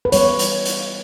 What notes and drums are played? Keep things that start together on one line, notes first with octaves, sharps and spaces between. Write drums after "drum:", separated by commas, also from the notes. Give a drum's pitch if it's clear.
B4
E3 G3 B3 C#5, drum: hi-hat
drum: hi-hat
drum: hi-hat